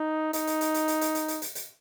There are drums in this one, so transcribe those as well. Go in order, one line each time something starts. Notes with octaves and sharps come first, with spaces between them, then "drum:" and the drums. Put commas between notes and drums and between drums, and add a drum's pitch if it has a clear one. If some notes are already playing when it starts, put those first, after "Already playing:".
Already playing: D#4
D#4, drum: hi-hat
drum: hi-hat
drum: hi-hat
drum: hi-hat
drum: hi-hat
drum: hi-hat
drum: hi-hat
drum: hi-hat
drum: hi-hat
drum: hi-hat